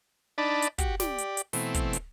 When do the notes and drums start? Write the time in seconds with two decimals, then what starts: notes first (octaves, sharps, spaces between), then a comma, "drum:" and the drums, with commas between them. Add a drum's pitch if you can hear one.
0.38 D4 D#4 D5 A5 B5
0.62 drum: hi-hat
0.78 F#4 G4, drum: kick, hi-hat
1.00 G4 D5, drum: snare
1.18 drum: hi-hat
1.37 drum: hi-hat
1.53 B2 E3 A3 C4, drum: open hi-hat
1.74 drum: kick, hi-hat
1.93 drum: hi-hat